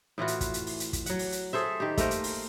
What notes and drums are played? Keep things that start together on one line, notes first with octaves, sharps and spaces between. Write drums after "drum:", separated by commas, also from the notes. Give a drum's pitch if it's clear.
A2 E3 F4 F#4
drum: hi-hat
drum: kick, hi-hat
drum: hi-hat
drum: open hi-hat
drum: hi-hat
drum: kick, hi-hat
F#3 F#5, drum: hi-hat
drum: open hi-hat
drum: hi-hat
G#4 A4 C5 E5
D#3 G4
A3 A#3 A#4 C5, drum: kick, hi-hat
drum: hi-hat
drum: open hi-hat